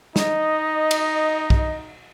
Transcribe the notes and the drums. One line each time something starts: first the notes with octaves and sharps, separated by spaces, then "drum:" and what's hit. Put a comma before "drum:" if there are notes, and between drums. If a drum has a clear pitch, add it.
D#4 D#5, drum: snare
drum: cymbal
drum: kick